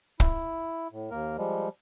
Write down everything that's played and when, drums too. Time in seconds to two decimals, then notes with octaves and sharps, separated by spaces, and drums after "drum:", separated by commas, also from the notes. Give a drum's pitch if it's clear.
0.20 E4, drum: kick
0.92 A2
1.11 D#2 A#3 A#4
1.38 F3 G3 G#3